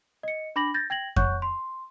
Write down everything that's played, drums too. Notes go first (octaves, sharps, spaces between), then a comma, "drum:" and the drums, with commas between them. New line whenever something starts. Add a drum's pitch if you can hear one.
D#5 C#7
D4 B5 D6 A#6 F#7
G6 A6 A#6
G5 G#6 A#6 F#7
C#5 F#5 C#6 F#6 G6, drum: kick F2
C6